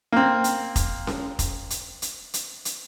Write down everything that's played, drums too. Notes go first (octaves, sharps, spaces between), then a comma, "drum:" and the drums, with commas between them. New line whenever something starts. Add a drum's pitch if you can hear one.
A#3 C4
drum: hi-hat
drum: kick F1, hi-hat
drum: snare C#4
drum: kick F1, hi-hat
drum: hi-hat
drum: hi-hat
drum: hi-hat
drum: hi-hat